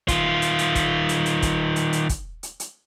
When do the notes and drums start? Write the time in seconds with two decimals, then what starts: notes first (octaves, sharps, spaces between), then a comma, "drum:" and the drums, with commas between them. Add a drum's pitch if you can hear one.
0.08 D#3 F4, drum: kick, hi-hat
0.42 drum: hi-hat
0.59 drum: hi-hat
0.75 drum: kick, hi-hat
1.09 drum: hi-hat
1.26 drum: hi-hat
1.42 drum: kick, hi-hat
1.76 drum: hi-hat
1.93 drum: hi-hat
2.09 drum: kick, hi-hat
2.43 drum: hi-hat
2.60 drum: hi-hat